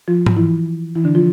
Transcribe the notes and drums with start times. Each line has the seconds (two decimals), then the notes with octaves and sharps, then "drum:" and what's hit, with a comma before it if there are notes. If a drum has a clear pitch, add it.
0.08 F3 F4
0.26 drum: tom G#2
0.37 E3 E4
0.95 E3 E4
1.04 D3 D4
1.15 F3 F4